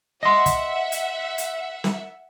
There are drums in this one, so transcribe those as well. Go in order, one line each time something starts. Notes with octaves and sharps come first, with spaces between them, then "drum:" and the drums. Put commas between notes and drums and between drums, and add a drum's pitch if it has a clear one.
D#5 E5 F#5 C6
drum: kick, hi-hat
drum: hi-hat
drum: hi-hat
drum: snare